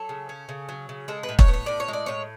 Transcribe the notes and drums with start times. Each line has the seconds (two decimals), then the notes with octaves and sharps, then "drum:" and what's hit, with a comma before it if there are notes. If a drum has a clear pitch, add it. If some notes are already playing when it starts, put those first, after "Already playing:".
Already playing: F#3 A4
0.09 C#3
0.29 C#4
0.49 C#3
0.69 F#3
0.89 C#3
1.08 G#3 A4
1.23 B4
1.29 A2
1.39 C#5, drum: kick
1.48 B3
1.54 C#5
1.66 A2 D5
1.80 C#5
1.88 G#3
1.93 D5
2.06 A2 C#5